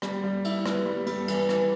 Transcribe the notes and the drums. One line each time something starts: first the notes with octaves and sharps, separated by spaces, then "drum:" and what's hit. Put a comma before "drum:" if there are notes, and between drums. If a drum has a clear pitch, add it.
G3, drum: rim click
G3
E4, drum: cymbal
B3, drum: rim click
G3
G3, drum: cymbal
E3, drum: cymbal
E3, drum: rim click